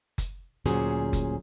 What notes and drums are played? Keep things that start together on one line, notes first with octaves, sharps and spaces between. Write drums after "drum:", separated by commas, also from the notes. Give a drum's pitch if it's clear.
drum: kick F#1, hi-hat
D2 A#2 F#3 C#4 G#4 C5, drum: hi-hat
drum: kick F#1, hi-hat